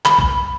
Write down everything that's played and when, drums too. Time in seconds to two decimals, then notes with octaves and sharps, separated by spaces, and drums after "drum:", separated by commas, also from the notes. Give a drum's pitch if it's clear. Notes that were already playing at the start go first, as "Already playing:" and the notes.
0.05 B5, drum: clap
0.18 drum: kick